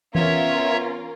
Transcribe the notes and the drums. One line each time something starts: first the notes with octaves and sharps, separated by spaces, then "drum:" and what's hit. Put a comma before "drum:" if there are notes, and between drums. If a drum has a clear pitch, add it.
B3 C#4 F4 A#4 C#5 E5, drum: tom E3